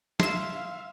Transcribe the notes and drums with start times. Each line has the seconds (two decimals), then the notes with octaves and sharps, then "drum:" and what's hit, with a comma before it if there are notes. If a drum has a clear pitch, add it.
0.20 E5 F5 C6 E7, drum: snare